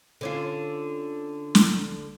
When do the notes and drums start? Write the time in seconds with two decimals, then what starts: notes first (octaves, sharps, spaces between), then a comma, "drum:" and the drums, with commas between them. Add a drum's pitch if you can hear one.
0.21 D3 C#4 F4
1.55 drum: snare